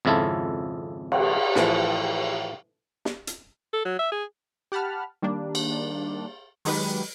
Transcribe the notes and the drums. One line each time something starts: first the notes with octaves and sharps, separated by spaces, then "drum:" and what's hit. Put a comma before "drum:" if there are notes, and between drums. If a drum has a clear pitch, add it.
G#1 F2 C#3 E4 F4 A4
drum: cymbal
A2 E3 F3, drum: snare
drum: snare
drum: hi-hat
A4
F#3
E5
G#4
G4 F#5 A5 B5 F6
D#3 G3 A#3 D4
drum: cymbal
D#3 F#3 G#3 D#4 G4 B4, drum: open hi-hat